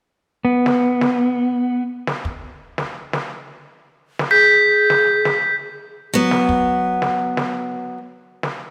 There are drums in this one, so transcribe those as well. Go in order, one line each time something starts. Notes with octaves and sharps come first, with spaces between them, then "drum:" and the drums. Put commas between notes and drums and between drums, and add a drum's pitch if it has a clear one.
B3
drum: snare
drum: snare
drum: snare
drum: kick
drum: snare
drum: snare
drum: snare
G#4 G6 B6
drum: snare
drum: snare
F#3 B3
drum: snare
drum: kick
drum: snare
drum: snare
drum: snare